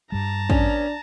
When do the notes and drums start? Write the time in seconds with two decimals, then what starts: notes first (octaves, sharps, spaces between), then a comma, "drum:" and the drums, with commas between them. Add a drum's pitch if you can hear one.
0.12 G2 G3 A5 A#5
0.50 B3 C#4 D4, drum: kick